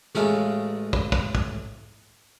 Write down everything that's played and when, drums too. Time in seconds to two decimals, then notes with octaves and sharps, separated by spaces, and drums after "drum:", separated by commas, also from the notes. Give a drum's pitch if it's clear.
0.15 A1 G#3 A3 G#4 F5, drum: snare
0.93 drum: kick
1.12 drum: kick
1.35 drum: kick